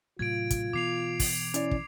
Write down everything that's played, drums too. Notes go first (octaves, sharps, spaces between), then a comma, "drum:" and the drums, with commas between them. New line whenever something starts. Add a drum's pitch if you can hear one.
A2 C3 F#3 F4 G#6 D7
drum: kick, hi-hat
B2 E3 B3 D6 C7 F7
drum: kick, open hi-hat
C#4 E4 D5, drum: hi-hat
drum: kick